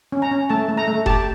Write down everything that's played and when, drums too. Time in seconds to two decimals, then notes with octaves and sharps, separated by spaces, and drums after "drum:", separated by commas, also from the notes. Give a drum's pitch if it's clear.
0.12 C#4
0.22 A#5
0.31 C#4
0.49 A3 A5
0.69 A3
0.77 A#5
0.88 A3
1.06 G4 A5, drum: kick F1